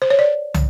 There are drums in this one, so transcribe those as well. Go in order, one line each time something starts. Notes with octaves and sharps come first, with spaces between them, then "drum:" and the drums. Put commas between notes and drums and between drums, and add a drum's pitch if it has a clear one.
C5
C#5
D5
drum: tom